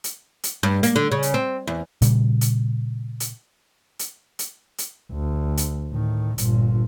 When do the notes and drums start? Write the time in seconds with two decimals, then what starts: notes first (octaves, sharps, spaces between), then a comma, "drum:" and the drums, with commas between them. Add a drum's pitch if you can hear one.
0.04 drum: hi-hat
0.43 drum: hi-hat
0.63 G2
0.83 A#3, drum: hi-hat
0.96 D3
1.12 C#3
1.23 drum: hi-hat
1.34 C4
1.67 E2
2.02 A#2 C#3 G3, drum: hi-hat
2.41 drum: hi-hat
3.20 drum: hi-hat
3.99 drum: hi-hat
4.39 drum: hi-hat
4.78 drum: hi-hat
5.11 D2
5.57 drum: hi-hat
5.91 A2 D#3
6.38 G1 A#2, drum: hi-hat